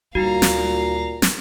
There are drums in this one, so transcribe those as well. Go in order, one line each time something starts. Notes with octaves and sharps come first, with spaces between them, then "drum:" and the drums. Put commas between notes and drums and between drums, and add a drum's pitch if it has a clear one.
D2 A#2 G3 D#4 F#4 F5 A#5
drum: snare
drum: snare